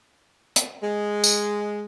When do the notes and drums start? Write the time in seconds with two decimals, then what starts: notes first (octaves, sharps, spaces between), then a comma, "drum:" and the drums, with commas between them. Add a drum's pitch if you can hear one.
0.56 drum: hi-hat
0.83 G#3
1.24 drum: tambourine